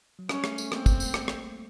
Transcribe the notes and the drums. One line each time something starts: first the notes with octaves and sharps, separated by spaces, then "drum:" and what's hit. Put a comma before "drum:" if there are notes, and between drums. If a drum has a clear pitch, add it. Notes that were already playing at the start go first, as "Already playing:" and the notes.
F#3
G3 C#4, drum: rim click
A3, drum: rim click
A3, drum: tambourine
A#3 C4, drum: rim click
drum: kick, tambourine
drum: tambourine
drum: rim click
drum: rim click